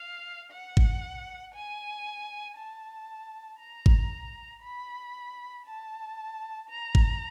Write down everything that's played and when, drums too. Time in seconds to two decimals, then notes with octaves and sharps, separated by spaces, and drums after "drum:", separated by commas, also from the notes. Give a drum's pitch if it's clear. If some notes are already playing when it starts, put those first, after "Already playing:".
Already playing: F5
0.51 F#5
0.77 drum: kick G#1
1.54 G#5
2.57 A5
3.60 A#5
3.86 drum: kick G#1
4.63 B5
5.66 A5
6.69 A#5
6.95 drum: kick G#1